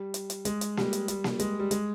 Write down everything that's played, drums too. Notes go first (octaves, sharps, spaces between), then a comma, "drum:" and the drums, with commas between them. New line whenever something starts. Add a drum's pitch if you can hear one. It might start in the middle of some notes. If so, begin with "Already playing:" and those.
Already playing: G3
drum: hi-hat
drum: hi-hat
G#3, drum: hi-hat
drum: hi-hat
G3, drum: snare A#3
drum: hi-hat
G3, drum: hi-hat
drum: snare A#3
G#3, drum: hi-hat
G3
G#3, drum: hi-hat